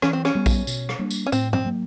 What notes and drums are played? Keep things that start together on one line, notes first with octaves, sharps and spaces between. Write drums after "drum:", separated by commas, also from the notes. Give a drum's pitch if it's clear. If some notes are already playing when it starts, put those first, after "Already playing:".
E3 C#4, drum: rim click
C4
C#4, drum: rim click
G3 B3
drum: kick A#1, tambourine
B2, drum: tambourine
drum: rim click
G3 A#3 D4
drum: tambourine
C#4
A2 C4, drum: tambourine
C4, drum: tom G#2
F#3 A#3